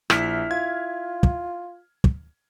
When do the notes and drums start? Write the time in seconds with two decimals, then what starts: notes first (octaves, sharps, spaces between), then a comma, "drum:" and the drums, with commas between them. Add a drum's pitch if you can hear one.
0.10 A#1 E4 F6 B6, drum: rim click
0.51 F4 G#6
1.23 drum: kick
2.04 drum: kick